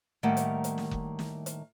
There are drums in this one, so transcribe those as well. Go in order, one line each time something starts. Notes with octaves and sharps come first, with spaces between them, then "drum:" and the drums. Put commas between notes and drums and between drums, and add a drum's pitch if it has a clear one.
A2 D#3 G3 A3 A#3 F#5
drum: hi-hat
drum: hi-hat
drum: snare
drum: kick F1
drum: snare
drum: hi-hat